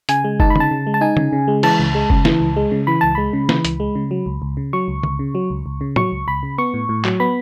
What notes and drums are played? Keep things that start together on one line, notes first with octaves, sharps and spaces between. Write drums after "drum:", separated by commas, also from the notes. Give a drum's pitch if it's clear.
C#3 G#5, drum: hi-hat
G#3
D#4 A5, drum: kick
B5
C#3 A5, drum: tom D3
C#3
G#3
A5
D#4 G#5
C#3, drum: tom D3
C#3
G#3
E3 A5, drum: cymbal
C#2
G#3
C#3, drum: kick
E3, drum: snare
C#2
G#3
C#3
E3 B5
C#2 A5
G#3 B5
C#3
E3, drum: snare
C#2, drum: hi-hat
G#3
C#3
F#3
C#2
C#2
C#3
F#3 C#6
C#2
C#2, drum: tom D3
C#3
F#3
C#2
C#2
C#3
F#3 C#6, drum: tom
C#2
C#2 B5
C#3
B3 C#6
A2
A2
F#3, drum: clap
B3 B5